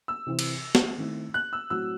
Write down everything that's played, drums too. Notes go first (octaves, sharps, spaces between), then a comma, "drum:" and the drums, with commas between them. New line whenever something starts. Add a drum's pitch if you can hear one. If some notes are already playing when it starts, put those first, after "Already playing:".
E6
C3 E3 C4
drum: cymbal
drum: snare
D#3 A3 C4 E4
F#6
E6
A2 F#3 C4 F#4 E6